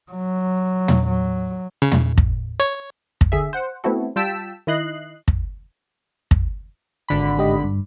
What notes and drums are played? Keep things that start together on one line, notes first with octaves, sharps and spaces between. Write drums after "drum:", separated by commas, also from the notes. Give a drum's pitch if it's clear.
F#3
drum: tom
F#3
C#3
drum: tom
drum: kick
C#5
drum: kick
D3 G#4 E5
C5 F#5
A3 B3 C4 E4 F#4 A4
G3 F4 G5 A5 E6 B6
D#3 E4 D#5 F#6 C7
drum: kick
drum: kick
G#1 D3 B5
G#2 G4 D#5
G2